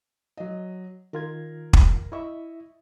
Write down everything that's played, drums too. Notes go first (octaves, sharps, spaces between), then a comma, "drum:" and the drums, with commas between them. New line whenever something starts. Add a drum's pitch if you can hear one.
F#3 D#5
D#3 F4 A#4 G#6
drum: kick
E4 D#5 E5 C#6